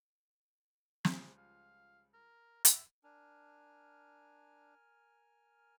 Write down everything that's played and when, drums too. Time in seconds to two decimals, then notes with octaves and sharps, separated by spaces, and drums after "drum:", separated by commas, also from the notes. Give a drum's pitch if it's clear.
1.05 C#2 F3 G3 G#4, drum: snare
1.37 F5
2.14 A#4
2.65 E5, drum: hi-hat
3.04 D4 A#4 G#5 F6